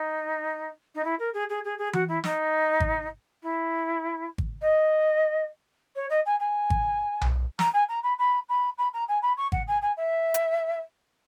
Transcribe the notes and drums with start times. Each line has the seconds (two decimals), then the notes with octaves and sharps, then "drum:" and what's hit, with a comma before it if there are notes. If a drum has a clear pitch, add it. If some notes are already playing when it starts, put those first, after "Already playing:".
Already playing: D#4
0.95 D#4
1.04 E4
1.19 A#4
1.34 G#4
1.49 G#4
1.65 G#4
1.78 G#4
1.93 F#4, drum: tom E3
2.09 E4
2.24 D#4, drum: snare
2.80 drum: kick G#1
3.43 E4
4.38 drum: kick G#1
4.61 D#5
5.96 C#5
6.10 D#5
6.26 G#5
6.40 G#5
6.70 drum: kick G#1
7.21 drum: tom B1
7.59 A#5, drum: snare
7.73 G#5
7.89 A#5
8.03 B5
8.19 B5
8.49 B5
8.78 B5
8.94 A#5
9.08 G#5
9.22 B5
9.37 C#6
9.52 F#5, drum: kick G#1
9.67 G#5
9.82 G#5
9.97 E5
10.34 drum: hi-hat